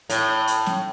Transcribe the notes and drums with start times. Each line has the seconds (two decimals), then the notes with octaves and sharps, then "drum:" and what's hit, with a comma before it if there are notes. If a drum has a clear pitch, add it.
0.10 A2, drum: hi-hat
0.47 drum: hi-hat
0.66 drum: snare